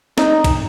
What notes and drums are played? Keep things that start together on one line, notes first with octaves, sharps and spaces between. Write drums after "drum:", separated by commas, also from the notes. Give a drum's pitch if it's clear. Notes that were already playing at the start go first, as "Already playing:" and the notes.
D#4, drum: snare
drum: kick B1, cymbal